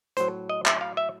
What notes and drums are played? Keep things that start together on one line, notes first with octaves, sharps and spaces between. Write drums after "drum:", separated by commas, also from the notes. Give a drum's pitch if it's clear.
A2 F#3 C5, drum: hi-hat
D#5
E5, drum: clap
F5
E5